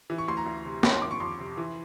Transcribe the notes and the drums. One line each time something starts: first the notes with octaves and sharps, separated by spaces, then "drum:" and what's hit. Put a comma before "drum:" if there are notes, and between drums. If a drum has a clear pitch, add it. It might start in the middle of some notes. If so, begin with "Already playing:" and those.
E3
C#6
D2 C6
A#5
D2
C3
D#3 B5, drum: snare
C6
F2 D6
C#6
F2 C6
C3
E3